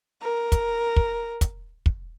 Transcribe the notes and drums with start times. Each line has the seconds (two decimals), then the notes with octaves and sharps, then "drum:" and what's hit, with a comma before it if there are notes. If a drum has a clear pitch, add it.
0.22 A#4
0.52 drum: kick, hi-hat
0.96 drum: kick
1.41 drum: kick, hi-hat
1.86 drum: kick